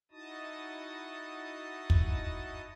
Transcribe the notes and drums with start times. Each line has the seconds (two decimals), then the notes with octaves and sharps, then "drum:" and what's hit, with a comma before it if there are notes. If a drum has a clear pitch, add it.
0.11 D#4 E4 F#4 D#5 A5 D#6
1.90 drum: kick